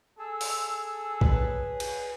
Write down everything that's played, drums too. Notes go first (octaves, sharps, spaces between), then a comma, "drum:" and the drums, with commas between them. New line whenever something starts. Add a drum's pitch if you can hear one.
G#4 A4 E6
drum: open hi-hat
B4 C#5, drum: kick A#1
drum: cymbal